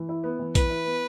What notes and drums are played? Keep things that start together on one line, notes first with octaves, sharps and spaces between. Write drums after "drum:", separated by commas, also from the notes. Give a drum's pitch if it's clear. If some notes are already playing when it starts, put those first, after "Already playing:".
Already playing: E3
E4
B3
E3
E3 B4, drum: kick B1, hi-hat
E4
B3